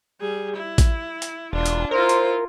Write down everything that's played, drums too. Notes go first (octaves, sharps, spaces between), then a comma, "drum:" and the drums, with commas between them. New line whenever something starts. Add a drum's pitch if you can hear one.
G3 G#4
E4
drum: kick A1, hi-hat
drum: hi-hat
E1 D4 F4
drum: hi-hat
E4 F4 A#4 C5
drum: hi-hat